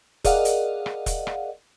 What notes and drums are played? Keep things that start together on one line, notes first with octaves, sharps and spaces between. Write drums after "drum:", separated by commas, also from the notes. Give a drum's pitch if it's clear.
G#4 A#4 D5 D#5 F5 F#5, drum: kick E1, hi-hat
drum: hi-hat
drum: rim click
drum: kick E1, hi-hat
drum: rim click